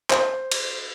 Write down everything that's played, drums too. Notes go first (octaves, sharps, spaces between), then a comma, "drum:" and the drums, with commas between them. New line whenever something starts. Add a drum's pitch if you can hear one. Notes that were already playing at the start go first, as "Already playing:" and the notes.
C5, drum: clap
drum: cymbal